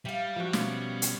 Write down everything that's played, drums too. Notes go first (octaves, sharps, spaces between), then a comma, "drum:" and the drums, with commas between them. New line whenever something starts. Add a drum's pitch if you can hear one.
G3 E5 F5
F3 F#4
B2 C#4 D5, drum: snare
drum: hi-hat